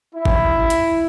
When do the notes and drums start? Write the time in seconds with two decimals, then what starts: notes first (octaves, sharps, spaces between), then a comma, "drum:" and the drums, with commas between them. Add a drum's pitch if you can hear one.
0.15 E4
0.25 drum: kick G#1
0.70 drum: hi-hat